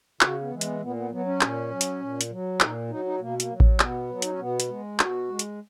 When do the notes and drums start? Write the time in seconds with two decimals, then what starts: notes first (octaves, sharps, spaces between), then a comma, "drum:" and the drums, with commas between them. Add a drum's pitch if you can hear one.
0.21 C#3 F#4, drum: clap
0.41 B3
0.51 E3 G#3
0.61 B3, drum: hi-hat
0.81 A#2 B3
0.96 B3
1.11 F#3 B3
1.26 C#4
1.41 A#2, drum: clap
1.71 F#3
1.81 drum: hi-hat
2.01 A#2
2.21 drum: hi-hat
2.30 F#3
2.60 A#2 D#4, drum: clap
2.90 F#3 D#4
3.05 D#4
3.20 B2 A#3
3.40 A#3, drum: hi-hat
3.50 F#3
3.60 drum: kick A1
3.80 B2 B3, drum: clap
4.10 F#3
4.22 D#4, drum: hi-hat
4.31 C#4
4.39 B2 B3
4.60 drum: hi-hat
4.69 G#3
4.99 B2 F#4, drum: clap
5.30 G#3
5.39 drum: hi-hat